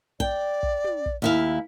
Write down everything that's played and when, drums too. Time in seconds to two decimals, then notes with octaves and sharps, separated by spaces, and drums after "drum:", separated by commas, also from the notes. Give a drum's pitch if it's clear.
0.20 D5 G5, drum: kick
0.63 drum: kick
0.84 drum: tom
1.06 drum: kick
1.22 D#2 E4 F5